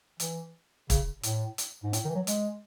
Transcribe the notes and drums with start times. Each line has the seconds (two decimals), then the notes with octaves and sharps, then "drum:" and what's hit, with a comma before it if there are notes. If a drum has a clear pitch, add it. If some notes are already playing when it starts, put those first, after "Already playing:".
0.20 E3, drum: hi-hat
0.90 C#3, drum: kick, hi-hat
1.23 A2, drum: hi-hat
1.58 drum: hi-hat
1.83 G#2
1.93 A2, drum: hi-hat
2.05 D#3
2.10 E3
2.15 F#3
2.27 G#3, drum: hi-hat